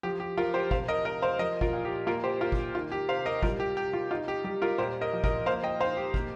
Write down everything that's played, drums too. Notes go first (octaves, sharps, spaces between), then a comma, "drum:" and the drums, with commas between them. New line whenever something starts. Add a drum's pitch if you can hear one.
F3 G4
G4
F3 F4 A#4
G4 C5
C3 C5 F5, drum: kick
A#4 D#5
C3 A#4 D#5
C5 F5
F3 A#4 D#5
F4 A#4, drum: kick
A#2
G4
A#3 F4 A#4
G4 C5
A#3 F4 A#4
drum: kick
D#3 F4
G4
C3 C5 F5
A#4 D#5
G3 F4 A#4, drum: kick
G4
C3 G4
F4
D#4 F4
G4
G3 G4
F4 A#4
A#2 G4 C5
A#4 D#5
F3
A#4 D#5, drum: kick
A#3 C5 F5
D#5 G5
D#4 C5 F5
G4
A#3, drum: kick